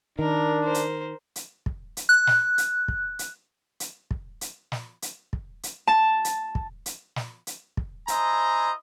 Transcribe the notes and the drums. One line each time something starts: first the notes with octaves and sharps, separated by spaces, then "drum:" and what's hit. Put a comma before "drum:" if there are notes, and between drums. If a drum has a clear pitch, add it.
D#3 D4 A#4
A#4 C5
drum: hi-hat
drum: hi-hat
drum: kick
drum: hi-hat
F#6
drum: snare
drum: hi-hat
drum: kick
drum: hi-hat
drum: hi-hat
drum: kick
drum: hi-hat
drum: snare
drum: hi-hat
drum: kick
drum: hi-hat
A5
drum: hi-hat
drum: kick
drum: hi-hat
drum: snare
drum: hi-hat
drum: kick
E4 C5 D#5 G#5 A#5, drum: hi-hat